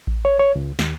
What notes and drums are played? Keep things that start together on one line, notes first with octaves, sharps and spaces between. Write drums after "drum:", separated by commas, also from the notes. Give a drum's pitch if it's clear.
drum: kick A1
C#5
C#5
C#2
D#2, drum: snare